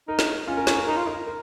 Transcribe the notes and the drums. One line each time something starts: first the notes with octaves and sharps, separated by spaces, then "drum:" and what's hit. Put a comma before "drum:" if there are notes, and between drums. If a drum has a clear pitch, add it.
D#4 A#4
drum: snare
C#4 F4
A#4
C#5, drum: snare
A#4
D#4 A#4
F4
D#4 A#4
A#4